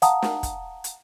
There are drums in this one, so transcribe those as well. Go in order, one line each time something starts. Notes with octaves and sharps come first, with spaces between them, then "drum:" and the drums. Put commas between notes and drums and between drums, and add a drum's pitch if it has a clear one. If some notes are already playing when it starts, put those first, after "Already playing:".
F5 F#5 A5 A#5 D#6, drum: hi-hat
drum: snare
drum: kick, hi-hat
drum: hi-hat